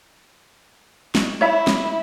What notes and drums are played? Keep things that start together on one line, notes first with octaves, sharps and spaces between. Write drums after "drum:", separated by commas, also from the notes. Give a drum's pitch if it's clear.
drum: snare
E4 C#5 E5 B5
drum: snare